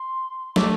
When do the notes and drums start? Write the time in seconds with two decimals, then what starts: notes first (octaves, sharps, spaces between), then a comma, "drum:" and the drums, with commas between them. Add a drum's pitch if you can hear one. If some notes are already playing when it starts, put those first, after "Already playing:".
Already playing: C6
0.56 A3 D6, drum: snare